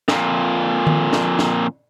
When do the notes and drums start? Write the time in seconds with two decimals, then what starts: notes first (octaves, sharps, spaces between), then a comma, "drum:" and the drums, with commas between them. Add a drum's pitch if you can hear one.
0.08 F2 A#2, drum: snare
0.87 drum: tom D#3
1.13 drum: snare
1.39 drum: snare